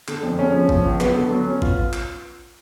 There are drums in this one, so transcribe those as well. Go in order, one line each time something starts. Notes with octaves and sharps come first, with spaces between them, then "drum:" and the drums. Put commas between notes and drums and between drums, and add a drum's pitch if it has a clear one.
D3, drum: clap
F2
C#3 C#4
F3
F3, drum: kick G#1
C#2
F#3 B3, drum: clap
D3
F#3
C#4
F4, drum: kick G#1
drum: clap